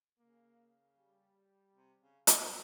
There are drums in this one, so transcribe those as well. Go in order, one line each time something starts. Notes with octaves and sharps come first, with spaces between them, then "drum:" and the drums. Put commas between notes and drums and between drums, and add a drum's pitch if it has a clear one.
C#3 A#3
G3
C3
C#3
F3, drum: hi-hat